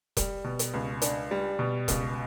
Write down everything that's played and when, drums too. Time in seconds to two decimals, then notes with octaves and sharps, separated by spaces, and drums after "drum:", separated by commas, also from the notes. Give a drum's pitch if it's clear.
0.17 G3, drum: kick E1, hi-hat
0.44 B2
0.59 drum: hi-hat
0.74 C#2
1.02 D4, drum: hi-hat
1.31 G3
1.59 B2
1.88 C#2, drum: kick E1, hi-hat